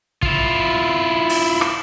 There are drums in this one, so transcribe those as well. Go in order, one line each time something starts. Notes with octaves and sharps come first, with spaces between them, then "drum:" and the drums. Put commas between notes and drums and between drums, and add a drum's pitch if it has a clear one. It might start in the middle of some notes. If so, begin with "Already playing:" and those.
E4 F4, drum: kick
drum: open hi-hat
drum: rim click